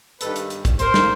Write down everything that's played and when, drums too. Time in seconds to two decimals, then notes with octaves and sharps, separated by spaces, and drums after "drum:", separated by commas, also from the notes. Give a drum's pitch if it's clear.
0.21 G2 D#3 G3 A4 B4, drum: hi-hat
0.36 drum: hi-hat
0.50 drum: hi-hat
0.65 drum: kick, hi-hat
0.79 A#4 C5, drum: hi-hat
0.94 drum: snare